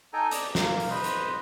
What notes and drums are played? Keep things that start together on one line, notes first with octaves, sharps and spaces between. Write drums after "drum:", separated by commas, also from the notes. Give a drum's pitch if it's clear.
D#4 A4 G5 G#5 A#5
D5 D#5, drum: hi-hat
A#3, drum: snare
drum: open hi-hat
B4 C5 D#5
drum: hi-hat